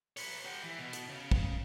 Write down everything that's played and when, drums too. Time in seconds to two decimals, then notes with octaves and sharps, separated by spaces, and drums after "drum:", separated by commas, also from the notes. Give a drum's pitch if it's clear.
0.17 B4 C#5, drum: open hi-hat
0.45 G4 F#5
0.63 E3
0.79 B2
0.93 drum: hi-hat
1.09 C#3
1.31 drum: kick